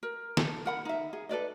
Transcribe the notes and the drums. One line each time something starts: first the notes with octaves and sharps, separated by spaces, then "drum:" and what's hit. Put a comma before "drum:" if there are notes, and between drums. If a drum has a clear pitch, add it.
A#4
A4, drum: snare
A#4 F#5 B5
D#4 E5
G#4
A4 B4 D5 D#5